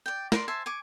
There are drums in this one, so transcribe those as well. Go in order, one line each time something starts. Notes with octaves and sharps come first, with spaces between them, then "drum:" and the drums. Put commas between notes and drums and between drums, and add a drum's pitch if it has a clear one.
D5 G5
A#4 D5 C6, drum: snare
C5 E5 G#5 A5
G#5 C#6 D6